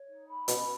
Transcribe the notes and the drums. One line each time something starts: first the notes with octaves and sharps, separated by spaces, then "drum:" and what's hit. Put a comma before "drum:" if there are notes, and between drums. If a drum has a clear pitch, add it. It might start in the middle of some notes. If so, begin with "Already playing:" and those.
Already playing: C#5
D#4
B5
B2 C#4, drum: hi-hat